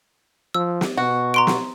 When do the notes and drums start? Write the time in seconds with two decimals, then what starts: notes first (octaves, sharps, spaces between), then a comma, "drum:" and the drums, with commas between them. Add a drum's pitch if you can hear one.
0.54 F3 E6
0.81 drum: snare
0.97 B2 F#4
1.34 A#5 C6 D7
1.47 drum: snare